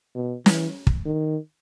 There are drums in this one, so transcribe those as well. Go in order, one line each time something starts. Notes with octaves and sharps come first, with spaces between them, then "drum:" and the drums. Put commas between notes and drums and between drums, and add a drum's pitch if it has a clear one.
B2
E3, drum: snare
drum: kick
D#3